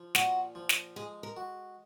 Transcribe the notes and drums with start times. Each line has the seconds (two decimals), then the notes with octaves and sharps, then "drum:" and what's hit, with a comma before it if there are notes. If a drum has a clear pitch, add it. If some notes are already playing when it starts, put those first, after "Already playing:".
Already playing: F3
0.15 A#2 F#4, drum: snare
0.55 F3
0.69 drum: snare
0.96 G#3 G#4
1.23 A#4
1.37 F#4